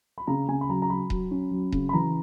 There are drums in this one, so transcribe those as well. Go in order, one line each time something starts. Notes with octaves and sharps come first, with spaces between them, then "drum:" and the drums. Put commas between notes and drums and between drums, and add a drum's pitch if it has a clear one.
B5
C#3 A#5
C#3 G#5
B5
F#3 A#5
A#5
F#3 B5
F#3, drum: kick D#1
C#4
F#3
C#3, drum: kick D#1
B5
E3 A#5